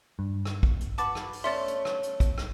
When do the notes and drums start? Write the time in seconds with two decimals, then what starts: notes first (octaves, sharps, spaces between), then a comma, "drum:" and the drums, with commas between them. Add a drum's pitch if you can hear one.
0.19 G2
0.46 drum: rim click
0.63 drum: kick
0.80 drum: hi-hat
0.98 F#4 B4 A5 D6 A6, drum: hi-hat
1.15 drum: rim click
1.33 drum: open hi-hat
1.44 A3 C#4 D5 E5 A5 C6
1.68 drum: hi-hat
1.85 drum: rim click
2.03 drum: hi-hat
2.20 drum: kick, hi-hat
2.38 drum: rim click